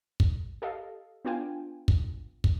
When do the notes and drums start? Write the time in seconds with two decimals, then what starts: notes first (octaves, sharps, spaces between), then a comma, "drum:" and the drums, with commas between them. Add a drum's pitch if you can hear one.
0.20 drum: kick
0.62 G4 A4 D#5 F5
1.25 B3 D4 F4 G5 G#5
1.88 drum: kick
2.44 drum: kick